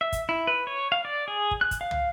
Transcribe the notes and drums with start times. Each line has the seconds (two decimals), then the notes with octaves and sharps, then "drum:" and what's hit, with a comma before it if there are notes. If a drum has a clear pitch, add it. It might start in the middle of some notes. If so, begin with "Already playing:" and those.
0.01 E5
0.12 drum: kick, hi-hat
0.29 E4
0.47 B4
0.67 C#5
0.92 F5
1.05 D5
1.28 G#4
1.51 drum: kick
1.61 F#6
1.71 drum: kick, hi-hat
1.81 F5
1.91 drum: tom